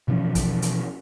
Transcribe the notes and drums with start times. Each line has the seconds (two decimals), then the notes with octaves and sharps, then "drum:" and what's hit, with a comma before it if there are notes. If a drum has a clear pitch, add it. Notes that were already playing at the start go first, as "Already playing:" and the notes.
0.08 B2 E3 F3 C#4
0.35 drum: kick, hi-hat
0.62 drum: hi-hat